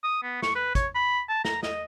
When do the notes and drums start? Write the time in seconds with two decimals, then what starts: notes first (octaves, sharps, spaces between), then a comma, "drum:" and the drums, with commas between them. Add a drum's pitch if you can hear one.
0.04 D#6
0.23 B3
0.42 C#6, drum: snare
0.55 B4
0.75 C#5, drum: kick, hi-hat
0.95 B5
1.29 A5
1.45 A#5, drum: snare
1.63 D#5, drum: snare